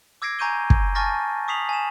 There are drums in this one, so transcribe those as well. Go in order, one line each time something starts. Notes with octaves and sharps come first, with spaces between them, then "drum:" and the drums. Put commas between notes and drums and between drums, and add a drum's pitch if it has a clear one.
D6 E6 G#6 A#6 C7 D7
G#5 A#5 C#6 G6 D#7 G7
drum: kick
G#5 A5 C#6 F6 A6 A#6
C#6 D#6 B6 C7 F7 F#7
G#5 E7